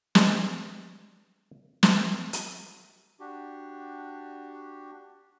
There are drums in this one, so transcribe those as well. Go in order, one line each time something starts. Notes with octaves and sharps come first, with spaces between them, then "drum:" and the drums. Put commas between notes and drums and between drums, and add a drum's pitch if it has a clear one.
G3 G#3 D4 G4 G#4, drum: snare
drum: snare
drum: hi-hat
D4 F#4 G4